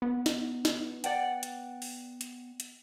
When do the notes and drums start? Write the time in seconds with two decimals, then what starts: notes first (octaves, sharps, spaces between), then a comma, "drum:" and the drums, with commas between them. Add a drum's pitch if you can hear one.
0.02 B3
0.26 drum: snare
0.65 drum: snare
1.04 D5 F#5 G5, drum: hi-hat
1.43 drum: hi-hat
1.82 drum: open hi-hat
2.21 drum: hi-hat
2.60 drum: hi-hat